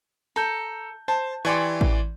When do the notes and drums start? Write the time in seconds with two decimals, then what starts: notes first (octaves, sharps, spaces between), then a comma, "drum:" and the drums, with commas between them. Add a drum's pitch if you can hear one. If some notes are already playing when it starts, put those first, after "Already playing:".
0.36 A4 A#5 G6
1.08 C5 A5
1.45 E3 G4 D5 G#5 C6 C#6
1.81 drum: kick A1